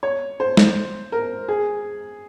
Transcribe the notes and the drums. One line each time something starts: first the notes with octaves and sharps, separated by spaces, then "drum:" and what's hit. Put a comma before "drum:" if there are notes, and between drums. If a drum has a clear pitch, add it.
C#5
C5
drum: snare
A#4
G#4